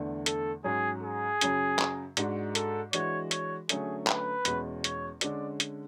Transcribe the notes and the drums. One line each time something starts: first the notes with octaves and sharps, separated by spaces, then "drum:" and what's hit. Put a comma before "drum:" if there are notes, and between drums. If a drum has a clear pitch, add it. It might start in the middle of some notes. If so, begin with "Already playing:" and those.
Already playing: E2 D3 A3 D4
A4, drum: hi-hat
G#2 F#3 C#4 G#4
G#4
F#2 C#3 F#3, drum: hi-hat
drum: clap
G#2 G#3 D4 F#4, drum: hi-hat
A4, drum: hi-hat
E3 G#3 D4 F#4 C#5, drum: hi-hat
C#5, drum: hi-hat
D3 F#3 A3 C#4 G#4, drum: hi-hat
B4, drum: clap
E2 B2 G#3 C#4, drum: hi-hat
C#5, drum: hi-hat
D3 G#3 C#4 D5, drum: hi-hat
drum: hi-hat